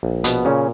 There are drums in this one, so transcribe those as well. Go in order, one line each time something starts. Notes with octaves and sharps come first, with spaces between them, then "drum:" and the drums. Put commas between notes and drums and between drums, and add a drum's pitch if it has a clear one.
A#1
B2 B3, drum: hi-hat
A#2 C#3 C#4